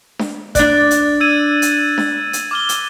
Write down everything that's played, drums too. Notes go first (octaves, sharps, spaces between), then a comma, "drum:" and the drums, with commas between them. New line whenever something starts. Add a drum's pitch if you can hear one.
drum: snare D4
D4 D5 F#6 A6, drum: kick G#1, hi-hat
drum: hi-hat
E6 G#6 D#7
drum: hi-hat
drum: snare D4
drum: hi-hat
D6 F6 G7
drum: hi-hat